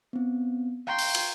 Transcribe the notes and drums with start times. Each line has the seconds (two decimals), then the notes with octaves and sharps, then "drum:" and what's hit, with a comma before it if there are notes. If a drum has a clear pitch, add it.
0.13 B3 C4
0.87 F5 G5 A#5 C6 C#6
0.99 drum: open hi-hat
1.14 drum: cymbal